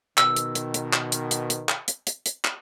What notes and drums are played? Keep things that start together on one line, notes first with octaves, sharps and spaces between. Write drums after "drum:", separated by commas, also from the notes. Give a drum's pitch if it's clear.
B2 D#3 E6, drum: clap
drum: hi-hat
drum: hi-hat
drum: hi-hat
drum: clap
drum: hi-hat
drum: hi-hat
drum: hi-hat
drum: clap
drum: hi-hat
drum: hi-hat
drum: hi-hat
drum: clap